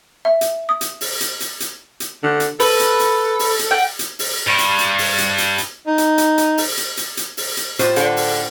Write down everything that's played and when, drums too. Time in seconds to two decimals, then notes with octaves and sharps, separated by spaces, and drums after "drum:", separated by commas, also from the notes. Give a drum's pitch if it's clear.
0.25 E5
0.41 drum: hi-hat
0.69 D#6
0.81 drum: hi-hat
1.01 drum: open hi-hat
1.21 drum: hi-hat
1.40 drum: hi-hat
1.60 drum: hi-hat
2.00 drum: hi-hat
2.23 D3
2.40 drum: hi-hat
2.60 A4 B4, drum: open hi-hat
2.80 drum: hi-hat
3.00 drum: hi-hat
3.39 drum: open hi-hat
3.59 drum: hi-hat
3.71 F#5 G5
3.99 drum: hi-hat
4.19 drum: open hi-hat
4.48 G2
4.59 drum: hi-hat
4.79 drum: hi-hat
4.98 drum: open hi-hat
5.18 drum: hi-hat
5.38 drum: hi-hat
5.58 drum: hi-hat
5.87 D#4
5.98 drum: hi-hat
6.18 drum: hi-hat
6.38 drum: hi-hat
6.58 drum: open hi-hat
6.77 drum: hi-hat
6.97 drum: hi-hat
7.17 drum: hi-hat
7.37 drum: open hi-hat
7.57 drum: hi-hat
7.79 A2 F4 C5, drum: hi-hat
7.96 D3, drum: hi-hat
8.17 drum: open hi-hat